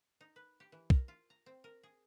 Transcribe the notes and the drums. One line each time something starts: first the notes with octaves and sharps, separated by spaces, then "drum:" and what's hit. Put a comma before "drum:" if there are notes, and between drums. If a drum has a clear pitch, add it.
D#4
B4
G4
E3
A#4, drum: kick
F4
A#5
C4
A#4
G#4